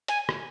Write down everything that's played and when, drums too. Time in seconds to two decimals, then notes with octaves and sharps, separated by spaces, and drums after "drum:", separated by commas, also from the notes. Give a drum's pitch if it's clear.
0.08 G#5, drum: hi-hat
0.29 drum: rim click